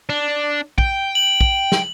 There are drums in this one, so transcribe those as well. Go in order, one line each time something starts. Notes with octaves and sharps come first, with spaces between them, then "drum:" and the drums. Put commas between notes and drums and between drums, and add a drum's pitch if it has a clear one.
D4
G5, drum: kick
F#7
drum: kick
drum: snare